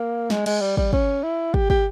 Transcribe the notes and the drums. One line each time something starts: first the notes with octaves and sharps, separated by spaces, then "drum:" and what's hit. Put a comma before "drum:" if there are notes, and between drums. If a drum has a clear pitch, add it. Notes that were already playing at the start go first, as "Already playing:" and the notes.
Already playing: A#3
G#3, drum: snare
G#3, drum: cymbal
G3
G3, drum: kick
C#4, drum: kick
E4
G4, drum: kick
G4, drum: kick